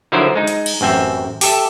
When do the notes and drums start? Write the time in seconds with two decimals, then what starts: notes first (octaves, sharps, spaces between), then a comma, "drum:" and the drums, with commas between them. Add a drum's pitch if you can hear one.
0.12 D3 F3 F#3 E4 A#4 C5
0.36 G#3 D#4
0.47 drum: hi-hat
0.66 drum: cymbal
0.81 A1 F#2 C4 E5
1.41 G4 A4 E5, drum: open hi-hat